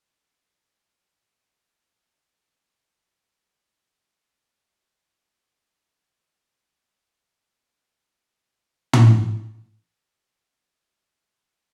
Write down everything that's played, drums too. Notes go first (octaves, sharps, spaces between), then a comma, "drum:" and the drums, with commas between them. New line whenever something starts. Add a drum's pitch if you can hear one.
B5
A4
G4
D6
F4
E4
F#4
A6
E5
E5
F5 G5 A#5
D5 F5 G5 B5
D#4
F5 G5 B5 D#6
B4 E5 C#6 F6
D#5
A4 F#5 G5
drum: tom
B2 G4 C5 F5 G5 D6
F5
D5